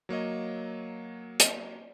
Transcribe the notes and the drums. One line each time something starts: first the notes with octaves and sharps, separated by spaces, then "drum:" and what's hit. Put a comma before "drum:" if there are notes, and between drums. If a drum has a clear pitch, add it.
F#3 A#3 C#5 D#5
drum: hi-hat